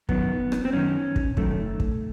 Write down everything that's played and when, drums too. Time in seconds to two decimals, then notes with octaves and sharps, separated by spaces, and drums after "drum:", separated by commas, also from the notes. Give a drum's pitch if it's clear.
0.09 F#2 D#3 B3, drum: kick
0.52 drum: rim click
0.65 C4
0.73 F#2 D#3 C#4
1.16 drum: kick
1.37 F#2 D#3 A3, drum: kick
1.80 drum: kick